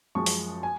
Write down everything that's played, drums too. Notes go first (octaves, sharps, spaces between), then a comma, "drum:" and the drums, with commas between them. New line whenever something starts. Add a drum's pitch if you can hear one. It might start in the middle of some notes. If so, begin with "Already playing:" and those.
F#2 F3 G#3 C#6
drum: open hi-hat
G#5